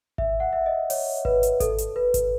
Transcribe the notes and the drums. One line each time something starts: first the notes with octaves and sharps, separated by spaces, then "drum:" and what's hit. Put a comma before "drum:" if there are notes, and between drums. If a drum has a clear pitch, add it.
E5, drum: kick G#1
F#5
E5
D#5
C#5, drum: open hi-hat
B4, drum: kick G#1
drum: hi-hat
A4, drum: kick G#1, hi-hat
drum: hi-hat
B4
drum: kick G#1, hi-hat